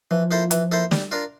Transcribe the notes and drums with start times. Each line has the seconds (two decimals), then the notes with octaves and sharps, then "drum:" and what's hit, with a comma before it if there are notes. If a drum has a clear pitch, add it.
0.11 E3 F3
0.31 A#3 E4 A4 C5
0.51 E3, drum: hi-hat
0.72 A#3 E4 A4 C5
0.91 G3, drum: snare
1.11 D4 F4 A#4